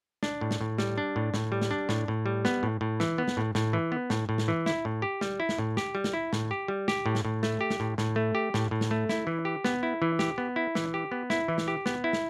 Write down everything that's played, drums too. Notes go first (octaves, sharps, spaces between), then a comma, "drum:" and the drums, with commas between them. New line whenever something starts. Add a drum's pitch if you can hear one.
D4, drum: snare
A2
drum: snare
A2
G3, drum: snare
D4
A2
A2, drum: snare
G3
drum: snare
D4
A2, drum: snare
A2
G3
B3, drum: snare
A2
A2
E3, drum: snare
B3
drum: snare
A2
A2, drum: snare
E3
B3
A2, drum: snare
A2
drum: snare
E3
E4, drum: snare
A2
G4
G3, drum: snare
E4
drum: snare
A2
G4, drum: snare
G3
drum: snare
E4
A2, drum: snare
G4
G3
G4, drum: snare
A2
drum: snare
A2
A3, drum: snare
G4
drum: snare
A2
A2, drum: snare
A3
G4
A2, drum: snare
A2
drum: snare
A3
E4, drum: snare
E3
G4
B3, drum: snare
E4
E3
G4, drum: snare
B3
E4
E3, drum: snare
G4
B3
E4, drum: snare
E3
drum: snare
G4
B3, drum: snare
E4
drum: snare